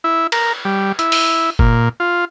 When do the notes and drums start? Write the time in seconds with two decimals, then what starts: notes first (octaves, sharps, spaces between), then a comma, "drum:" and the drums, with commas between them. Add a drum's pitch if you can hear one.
0.04 E4
0.32 A#4, drum: cymbal
0.65 G3
0.99 E4, drum: hi-hat
1.12 drum: open hi-hat
1.59 A#2, drum: kick F#1
2.00 F4